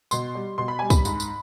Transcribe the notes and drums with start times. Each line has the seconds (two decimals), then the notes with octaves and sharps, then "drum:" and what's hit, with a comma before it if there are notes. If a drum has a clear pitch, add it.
0.11 B2 C6, drum: tambourine
0.35 G3
0.58 B2 C6
0.68 B5
0.79 G3 G#5
0.90 B5, drum: kick, tambourine
1.05 G#2, drum: tambourine
1.20 drum: tambourine